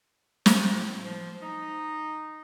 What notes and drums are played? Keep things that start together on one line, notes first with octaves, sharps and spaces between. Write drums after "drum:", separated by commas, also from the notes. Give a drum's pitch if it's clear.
C5, drum: snare
A2
F3
D#4